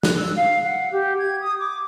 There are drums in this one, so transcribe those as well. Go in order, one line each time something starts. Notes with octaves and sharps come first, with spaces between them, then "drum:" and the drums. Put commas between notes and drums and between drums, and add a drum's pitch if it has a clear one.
F#6, drum: snare
E6
F5
F#5
G4
G#6
D#6
D6